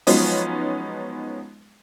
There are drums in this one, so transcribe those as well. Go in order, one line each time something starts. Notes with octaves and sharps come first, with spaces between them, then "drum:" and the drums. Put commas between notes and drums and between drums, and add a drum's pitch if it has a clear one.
F3 F#3 G#3 B3 C#4 D#4, drum: open hi-hat